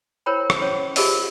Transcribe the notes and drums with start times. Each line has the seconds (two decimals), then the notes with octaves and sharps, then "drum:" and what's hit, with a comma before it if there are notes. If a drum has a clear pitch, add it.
0.26 E4 A#4 C5 C#5 G5 B5
0.50 drum: rim click
0.62 C#4 C5 C#5
0.96 F4 G4 G#4 A#4 C5 D#5, drum: open hi-hat